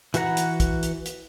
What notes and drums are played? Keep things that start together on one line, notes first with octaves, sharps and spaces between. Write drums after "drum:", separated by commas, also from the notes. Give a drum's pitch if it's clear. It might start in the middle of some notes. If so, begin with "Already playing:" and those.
E3 F#4 B4 F#5 A#5, drum: hi-hat
drum: hi-hat
drum: kick, hi-hat
drum: hi-hat
drum: hi-hat